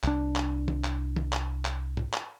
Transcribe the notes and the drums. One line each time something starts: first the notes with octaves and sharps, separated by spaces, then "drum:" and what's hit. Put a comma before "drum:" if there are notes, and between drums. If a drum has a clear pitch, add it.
C2 D4, drum: clap
drum: clap
drum: tom
drum: clap
drum: tom
drum: clap
drum: clap
drum: tom
drum: clap